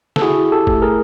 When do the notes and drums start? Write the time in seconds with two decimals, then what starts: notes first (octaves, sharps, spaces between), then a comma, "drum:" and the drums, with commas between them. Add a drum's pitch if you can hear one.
0.16 A4, drum: snare
0.22 E4 F#4 G#4
0.52 G4 A4
0.67 A3, drum: kick G1
0.82 G#4 A#4